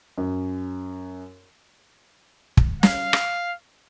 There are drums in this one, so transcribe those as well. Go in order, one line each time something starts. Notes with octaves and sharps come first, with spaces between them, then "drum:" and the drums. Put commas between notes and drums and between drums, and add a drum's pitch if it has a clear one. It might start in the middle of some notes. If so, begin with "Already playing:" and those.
F#2
drum: kick
F5, drum: snare
drum: rim click